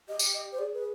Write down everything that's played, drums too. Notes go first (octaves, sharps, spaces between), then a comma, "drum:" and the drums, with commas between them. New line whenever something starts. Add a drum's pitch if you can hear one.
G4 D#5
drum: tambourine
D#5
C5
G#4 D5
B4